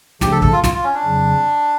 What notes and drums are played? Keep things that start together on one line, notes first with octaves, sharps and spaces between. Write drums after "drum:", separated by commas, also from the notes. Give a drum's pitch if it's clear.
C#3 F3 A3 D4 G4, drum: snare
A4
A4, drum: kick
F4
F4, drum: snare
F4
C#4
D4
F2 C#3 F#3